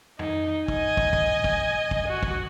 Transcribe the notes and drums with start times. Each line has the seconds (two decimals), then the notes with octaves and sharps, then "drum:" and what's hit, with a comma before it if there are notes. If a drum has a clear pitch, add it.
0.19 D#4, drum: tom F2
0.68 D#5 G#5, drum: kick
0.97 drum: kick
1.13 drum: kick
1.44 drum: kick
1.91 drum: kick
2.07 F#4
2.23 drum: kick